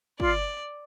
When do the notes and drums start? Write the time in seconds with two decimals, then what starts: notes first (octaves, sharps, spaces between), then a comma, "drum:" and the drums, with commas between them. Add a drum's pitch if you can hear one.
0.20 F4 D5, drum: kick